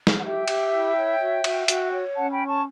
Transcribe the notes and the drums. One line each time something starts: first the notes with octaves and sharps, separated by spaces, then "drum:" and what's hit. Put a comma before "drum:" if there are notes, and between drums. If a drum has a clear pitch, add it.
drum: snare
F#5
G4 E5 G5
G4, drum: cymbal
E4
C#5
F#4
F#4, drum: cymbal
F#4, drum: hi-hat
C#5
C#4 F#5 A5
G5 B5
C#5
A5 C#6